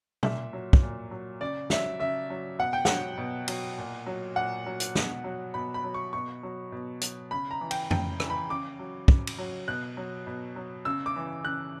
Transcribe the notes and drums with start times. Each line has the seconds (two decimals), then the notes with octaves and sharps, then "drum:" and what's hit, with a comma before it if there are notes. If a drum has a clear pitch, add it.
0.23 A#2 E5, drum: tom B2
0.53 F#3
0.73 drum: kick
0.82 A#2
1.11 F#3
1.41 C#3 D5
1.70 F#3 E5, drum: snare
2.00 C#3 E5
2.30 F#3
2.59 B2 F#5
2.73 G5
2.85 F#3 F#5, drum: snare
3.18 B2
3.48 F#3, drum: cymbal
3.78 A#2
4.06 F#3
4.36 A#2 F#5
4.66 F#3
4.80 drum: hi-hat
4.95 B2, drum: snare
5.24 F#3
5.54 B2 B5
5.74 B5
5.84 F#3
5.94 C#6
6.13 B2 C#6
6.43 F#3
6.72 B2
7.01 F#3, drum: hi-hat
7.31 C#3 B5
7.51 A#5
7.61 E3
7.71 G5, drum: cymbal
7.91 C#3 G5, drum: tom F2
8.20 E3, drum: rim click
8.30 B5
8.49 C#3 D6
8.79 F#3
9.08 C#3, drum: kick
9.27 drum: cymbal
9.39 F#3
9.68 B2 F#6
9.97 F#3
10.27 B2
10.56 F#3
10.85 C#3 E6
11.06 D6
11.16 E3
11.45 C#3 F#6